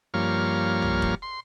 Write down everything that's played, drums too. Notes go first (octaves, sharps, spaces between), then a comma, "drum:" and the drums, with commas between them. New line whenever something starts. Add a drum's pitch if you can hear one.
G2 F3 A#3 C#5 F6
drum: tom B1
drum: kick
C6